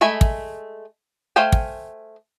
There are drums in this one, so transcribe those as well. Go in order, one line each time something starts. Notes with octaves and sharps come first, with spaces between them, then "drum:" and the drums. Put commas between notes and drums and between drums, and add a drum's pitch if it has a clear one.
G#3 A3 E5 G#5 B5
drum: kick
A3 C5 F5 G5 G#5
drum: kick